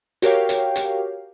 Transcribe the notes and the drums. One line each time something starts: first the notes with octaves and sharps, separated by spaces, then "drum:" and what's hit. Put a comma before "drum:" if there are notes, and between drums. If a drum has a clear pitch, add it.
F#4 G4 A#4 C#5 F5 G5, drum: hi-hat
drum: hi-hat
drum: hi-hat